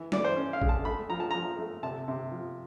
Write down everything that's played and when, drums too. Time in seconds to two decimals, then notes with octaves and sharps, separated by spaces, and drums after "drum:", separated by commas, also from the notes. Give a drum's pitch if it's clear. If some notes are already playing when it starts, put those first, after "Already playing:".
Already playing: E3
0.12 E3 D5, drum: snare
0.24 C5
0.36 C#4
0.53 F5
0.62 G#3, drum: kick
0.69 A5
0.85 A3 B5
1.10 F3 A#5
1.20 A5
1.31 F3 A#5
1.59 A3
1.83 C3 A5
2.08 C3
2.31 F3